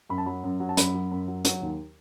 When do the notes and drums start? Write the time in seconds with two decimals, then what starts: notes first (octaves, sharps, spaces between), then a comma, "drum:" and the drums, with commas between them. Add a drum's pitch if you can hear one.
0.09 F#2 B5
0.18 A5
0.26 F#3 B5
0.44 F#2
0.60 F#3
0.69 A5
0.77 F#2 B5, drum: hi-hat
0.94 F#3
1.11 F#2
1.28 F#3
1.45 F#3, drum: hi-hat
1.62 D#2